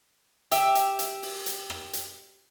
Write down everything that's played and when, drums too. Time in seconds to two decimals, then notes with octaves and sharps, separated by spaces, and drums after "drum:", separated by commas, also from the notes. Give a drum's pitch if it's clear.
0.52 G4 E5, drum: hi-hat
0.75 drum: hi-hat
0.99 drum: hi-hat
1.22 drum: open hi-hat
1.46 drum: hi-hat
1.70 drum: rim click
1.93 drum: hi-hat